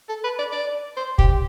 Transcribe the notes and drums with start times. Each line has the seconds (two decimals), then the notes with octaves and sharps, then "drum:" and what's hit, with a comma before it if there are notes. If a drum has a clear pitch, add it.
0.09 A4
0.24 B4
0.39 D5
0.52 D5
0.97 C5
1.18 G4, drum: kick